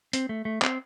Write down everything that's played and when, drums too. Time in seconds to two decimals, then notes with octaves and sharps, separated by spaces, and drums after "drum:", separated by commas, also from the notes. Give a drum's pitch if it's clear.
0.13 C4, drum: hi-hat
0.29 A3
0.45 A3
0.62 C4, drum: clap